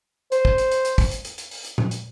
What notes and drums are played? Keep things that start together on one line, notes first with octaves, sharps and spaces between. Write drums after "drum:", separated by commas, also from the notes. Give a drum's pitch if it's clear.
C5, drum: hi-hat
drum: kick
drum: hi-hat
drum: hi-hat
drum: hi-hat
drum: kick, open hi-hat
drum: hi-hat
drum: hi-hat
drum: hi-hat
drum: open hi-hat
drum: hi-hat
drum: tom A#2
drum: hi-hat